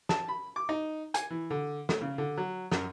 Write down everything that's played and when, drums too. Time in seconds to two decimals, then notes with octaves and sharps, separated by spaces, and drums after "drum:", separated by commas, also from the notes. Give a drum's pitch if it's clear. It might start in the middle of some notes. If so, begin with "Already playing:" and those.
0.09 A5, drum: snare
0.28 B5
0.56 D6
0.69 D#4
1.14 G#5, drum: hi-hat
1.30 E3
1.50 D3
1.89 A3, drum: snare
2.01 C#3
2.18 D3
2.38 F#3
2.72 F#2, drum: snare